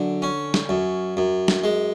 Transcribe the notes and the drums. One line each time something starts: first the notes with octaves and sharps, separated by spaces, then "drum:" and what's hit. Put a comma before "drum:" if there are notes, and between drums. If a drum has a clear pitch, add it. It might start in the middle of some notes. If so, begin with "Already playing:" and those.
Already playing: F#2 D3
C#4
drum: snare
F#2
F#2
drum: snare
G#3